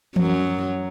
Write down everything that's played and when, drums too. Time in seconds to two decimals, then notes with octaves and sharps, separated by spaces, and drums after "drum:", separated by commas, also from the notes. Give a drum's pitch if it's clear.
0.16 F#2 F#3, drum: tom E3